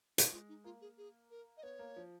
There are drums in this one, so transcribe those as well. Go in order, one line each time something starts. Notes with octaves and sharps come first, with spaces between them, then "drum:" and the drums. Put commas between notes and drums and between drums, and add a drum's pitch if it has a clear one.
D#4, drum: hi-hat
G#3 F4
D#4
A#3 F4
G#4
G#4
A#4
D#5
B3 C#5
A#3
F3